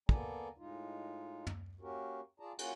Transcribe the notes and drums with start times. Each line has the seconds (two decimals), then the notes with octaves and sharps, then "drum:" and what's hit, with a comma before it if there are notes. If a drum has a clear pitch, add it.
0.09 A#3 B3 A4 D5 G#5 A#5, drum: kick
0.58 A2 G#3 D#4 F4
1.47 drum: tom
1.81 A#3 C#4 F#4 G4 A#4
2.40 F4 G#4 D5 A5 A#5
2.59 A#3 C#4 F4 F#4 F#5 G#5, drum: cymbal